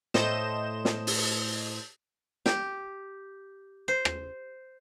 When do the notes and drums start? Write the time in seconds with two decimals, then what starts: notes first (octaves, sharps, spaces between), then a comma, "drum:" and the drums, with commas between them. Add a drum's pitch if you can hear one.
0.14 A2 A4 C5 D#5 G6 E7, drum: snare
0.85 drum: snare
1.07 drum: open hi-hat
2.46 G4, drum: snare
3.88 C5
4.05 drum: rim click